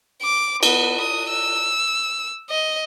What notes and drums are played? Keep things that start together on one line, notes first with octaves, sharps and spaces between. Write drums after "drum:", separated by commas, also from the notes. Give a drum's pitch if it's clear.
D6
B3, drum: cymbal
D#6
E6
D#5